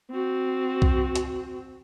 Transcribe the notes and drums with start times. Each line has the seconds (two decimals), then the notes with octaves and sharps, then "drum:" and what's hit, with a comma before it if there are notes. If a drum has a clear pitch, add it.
0.12 C4 F#4
0.82 drum: kick B1
1.15 drum: hi-hat